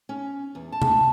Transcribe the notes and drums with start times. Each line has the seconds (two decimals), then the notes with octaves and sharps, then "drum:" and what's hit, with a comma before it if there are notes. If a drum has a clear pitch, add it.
0.09 C#4
0.55 E2
0.72 A5
0.82 drum: tom C3